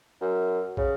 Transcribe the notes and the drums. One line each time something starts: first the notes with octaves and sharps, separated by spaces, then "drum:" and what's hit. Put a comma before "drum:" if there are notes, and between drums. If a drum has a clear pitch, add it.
F#2
C#3, drum: kick